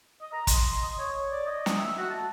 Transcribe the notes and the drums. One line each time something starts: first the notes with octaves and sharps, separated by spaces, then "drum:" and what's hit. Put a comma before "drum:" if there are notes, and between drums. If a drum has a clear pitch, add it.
D#5
A#5
C6, drum: kick, hi-hat
C6
D#5
C#5
D5
D#5
drum: snare
E5
F#4
A5